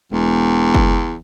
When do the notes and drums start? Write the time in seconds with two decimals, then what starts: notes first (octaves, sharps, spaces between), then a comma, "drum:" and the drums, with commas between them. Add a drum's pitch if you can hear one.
0.12 E1 E2
0.74 drum: kick F#1